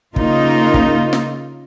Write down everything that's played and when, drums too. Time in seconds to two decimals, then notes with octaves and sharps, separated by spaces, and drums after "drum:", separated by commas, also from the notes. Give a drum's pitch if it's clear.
0.16 C#3 A#3 D#4 F4, drum: kick
0.74 drum: kick
1.13 drum: snare